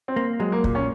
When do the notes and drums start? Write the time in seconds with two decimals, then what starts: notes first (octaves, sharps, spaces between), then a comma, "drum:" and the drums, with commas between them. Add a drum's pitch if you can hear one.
0.08 C4
0.16 A#3
0.39 F#3 G#3
0.52 A#3
0.64 A#2 A#3, drum: kick
0.75 C#4